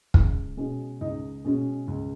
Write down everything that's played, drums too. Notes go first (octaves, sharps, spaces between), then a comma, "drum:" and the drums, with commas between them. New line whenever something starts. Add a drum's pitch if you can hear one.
C#2, drum: kick
B2 G#3 C#4
C#2 D#4
B2 G#3 C#4
C#2